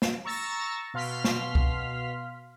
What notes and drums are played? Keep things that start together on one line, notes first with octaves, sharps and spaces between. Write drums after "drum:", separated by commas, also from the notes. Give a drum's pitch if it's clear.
drum: snare
A#5 C#6 E6 A6 A#6
B2 F5 C6 F6 B6
drum: snare
drum: kick